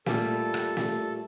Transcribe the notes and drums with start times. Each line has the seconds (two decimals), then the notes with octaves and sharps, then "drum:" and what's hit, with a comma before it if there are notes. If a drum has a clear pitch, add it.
0.06 A#2 G3 A3 A4, drum: snare
0.54 drum: rim click
0.77 drum: snare